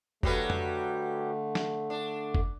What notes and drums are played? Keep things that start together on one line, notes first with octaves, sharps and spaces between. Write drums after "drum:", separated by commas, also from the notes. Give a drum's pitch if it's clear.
D3 F#3 G3 A3 B4, drum: kick F#1
drum: tom F2
drum: snare
D4
drum: kick F#1